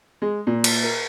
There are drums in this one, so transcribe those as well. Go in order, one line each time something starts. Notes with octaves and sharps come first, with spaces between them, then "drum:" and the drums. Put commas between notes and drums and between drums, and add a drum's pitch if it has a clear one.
G#3
A#2
drum: cymbal
A#4